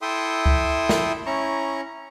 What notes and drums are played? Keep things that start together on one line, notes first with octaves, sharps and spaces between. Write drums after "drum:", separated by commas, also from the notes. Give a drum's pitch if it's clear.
E4 A4 E5 G5 C6 D#6
drum: kick C#2
drum: snare
C#4 E4 A#5 C#6